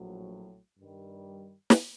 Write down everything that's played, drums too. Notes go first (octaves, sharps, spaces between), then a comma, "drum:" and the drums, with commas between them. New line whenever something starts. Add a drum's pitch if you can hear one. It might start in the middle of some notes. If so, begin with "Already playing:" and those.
Already playing: A#1 A2 F#3
G2 D#3 G3
drum: snare